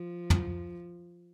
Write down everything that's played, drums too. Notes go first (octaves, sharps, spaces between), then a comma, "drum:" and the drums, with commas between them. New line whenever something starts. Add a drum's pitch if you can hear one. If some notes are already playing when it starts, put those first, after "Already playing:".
Already playing: F3
drum: tom